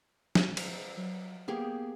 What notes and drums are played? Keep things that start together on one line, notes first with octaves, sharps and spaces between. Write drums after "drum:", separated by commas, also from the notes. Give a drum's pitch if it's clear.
drum: snare
drum: cymbal
F#3
A#3 B3 G4 G#4